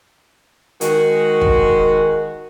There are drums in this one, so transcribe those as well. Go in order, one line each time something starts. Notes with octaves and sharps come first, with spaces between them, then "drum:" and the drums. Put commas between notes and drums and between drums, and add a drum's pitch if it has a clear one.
D#3 G#3 F#4, drum: hi-hat
drum: kick